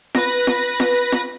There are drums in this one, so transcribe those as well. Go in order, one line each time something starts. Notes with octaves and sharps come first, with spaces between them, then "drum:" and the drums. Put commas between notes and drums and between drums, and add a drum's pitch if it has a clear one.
B4 A#6, drum: snare
drum: snare
drum: snare
drum: snare